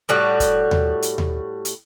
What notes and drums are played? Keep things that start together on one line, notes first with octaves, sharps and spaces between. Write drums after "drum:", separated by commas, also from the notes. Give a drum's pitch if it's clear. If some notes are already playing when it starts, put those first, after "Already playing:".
A2 G3 F#4
drum: kick, hi-hat
drum: tom D#2
drum: hi-hat
drum: tom D#2
drum: hi-hat